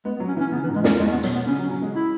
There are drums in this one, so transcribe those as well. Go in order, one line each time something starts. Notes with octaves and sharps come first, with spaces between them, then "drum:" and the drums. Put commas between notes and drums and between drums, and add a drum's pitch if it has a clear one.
G#3 B3
B3
F#3
C#4
E3
C#4
C#3 B3
E3
G#2
G#3
E2, drum: snare
C#4
E2 G#3
B3
B2 F#3, drum: hi-hat
B3
C#3 C#4
F#3
F#3
G#3
E4